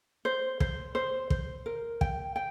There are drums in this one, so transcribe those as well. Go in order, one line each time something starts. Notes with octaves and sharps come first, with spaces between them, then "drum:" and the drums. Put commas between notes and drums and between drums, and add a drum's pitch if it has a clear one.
C5
C5, drum: kick
C5
C5, drum: kick
A#4
G5, drum: kick
G5